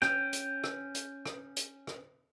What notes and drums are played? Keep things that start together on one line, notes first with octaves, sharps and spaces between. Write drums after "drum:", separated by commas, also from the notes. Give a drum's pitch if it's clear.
C#4 G5, drum: rim click
drum: hi-hat
drum: rim click
drum: hi-hat
drum: rim click
drum: hi-hat
drum: rim click